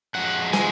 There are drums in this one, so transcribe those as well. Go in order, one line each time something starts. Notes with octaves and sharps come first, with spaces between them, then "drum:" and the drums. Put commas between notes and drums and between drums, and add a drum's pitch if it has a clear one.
F#2 F3 G#3 F#5
F3 G#3 G#5, drum: snare